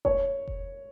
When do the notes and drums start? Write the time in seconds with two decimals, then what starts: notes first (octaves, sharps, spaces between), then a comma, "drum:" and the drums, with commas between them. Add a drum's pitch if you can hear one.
0.05 C#5, drum: kick F1
0.48 drum: kick F1